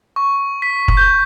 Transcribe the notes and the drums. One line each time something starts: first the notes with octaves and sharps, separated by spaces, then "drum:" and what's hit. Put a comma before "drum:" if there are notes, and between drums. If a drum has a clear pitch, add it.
C#6
B6
drum: kick
G6